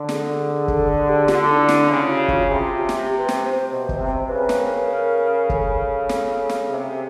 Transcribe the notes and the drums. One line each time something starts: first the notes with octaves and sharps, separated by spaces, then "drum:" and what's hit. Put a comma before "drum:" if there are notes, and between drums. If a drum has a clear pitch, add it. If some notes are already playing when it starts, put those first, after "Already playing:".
Already playing: D3
G#4, drum: snare
A4, drum: kick
G#4
G4
D3 F4, drum: snare
D4
D#4
E4
drum: snare
C#3 E4
F#4
F4, drum: kick
C3 F4
G4
drum: snare
B4
C5, drum: snare
C5
B2
drum: kick
C3
C5
C#3 B4
drum: snare
A#4
B4
A#4
A4, drum: kick
drum: snare
drum: snare
C3 G#4